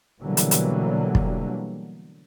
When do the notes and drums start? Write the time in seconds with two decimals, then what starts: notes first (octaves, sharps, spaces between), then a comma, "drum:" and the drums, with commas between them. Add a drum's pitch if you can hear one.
0.21 B2 D3 E3 F#3 G3 A#3
0.37 drum: hi-hat
0.51 drum: hi-hat
1.15 drum: kick